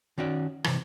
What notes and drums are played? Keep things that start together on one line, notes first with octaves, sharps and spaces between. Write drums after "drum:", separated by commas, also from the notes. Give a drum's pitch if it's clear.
D#3 C#4 F#4 D5
C3 E3, drum: rim click